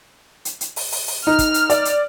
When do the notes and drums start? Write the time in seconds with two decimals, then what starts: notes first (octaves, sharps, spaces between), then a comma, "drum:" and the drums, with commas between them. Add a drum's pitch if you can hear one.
0.45 drum: hi-hat
0.61 drum: hi-hat
0.76 drum: open hi-hat
0.92 drum: open hi-hat
1.07 drum: open hi-hat
1.27 D#4 F6
1.39 drum: kick, hi-hat
1.54 drum: hi-hat
1.70 D5, drum: hi-hat
1.85 drum: hi-hat